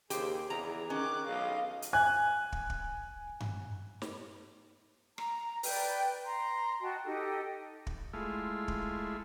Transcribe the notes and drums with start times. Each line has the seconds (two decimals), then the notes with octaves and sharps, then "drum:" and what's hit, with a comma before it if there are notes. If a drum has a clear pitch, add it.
0.10 D#2 G4 G#4 C5, drum: hi-hat
0.50 E2 A#5
0.90 D#3 C#4 D6 F#6
1.27 B1 D#5 F5
1.82 drum: hi-hat
1.93 G#5 F#6
2.52 drum: kick
2.70 drum: kick
3.40 drum: tom G2
4.02 drum: snare
5.18 A#5, drum: rim click
5.63 B4 D5 G5, drum: open hi-hat
6.25 A#5 C6
6.81 F#4 D#5 G5 A5
7.05 D#4 G4 A4 D#5
7.87 drum: kick
8.13 G#3 A3 E4 F4
8.68 drum: kick